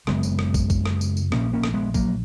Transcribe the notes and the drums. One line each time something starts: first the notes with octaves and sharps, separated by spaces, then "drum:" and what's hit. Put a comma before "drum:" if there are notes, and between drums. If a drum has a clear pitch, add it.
F#1 F#2 C#3 G#3 B3, drum: rim click
drum: tambourine
drum: rim click
drum: kick, tambourine
drum: kick, tambourine
drum: rim click
drum: tambourine
drum: tambourine
A#1 A#2 A#3 C#4, drum: rim click
A#3 C#4
drum: rim click
G#3 B3
F#3 A#3, drum: kick, tambourine